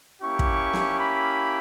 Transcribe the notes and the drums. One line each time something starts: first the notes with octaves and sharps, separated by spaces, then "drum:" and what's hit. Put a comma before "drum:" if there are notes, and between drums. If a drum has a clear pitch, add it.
A#3 C#4 E4 G4 C#6
drum: kick
drum: snare
B5